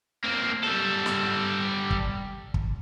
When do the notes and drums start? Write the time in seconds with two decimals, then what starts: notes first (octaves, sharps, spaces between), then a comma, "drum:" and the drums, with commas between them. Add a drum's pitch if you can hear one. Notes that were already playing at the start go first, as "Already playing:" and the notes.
0.24 A#3 C4
0.63 G3 A4
1.06 drum: snare
1.91 drum: kick
2.54 drum: kick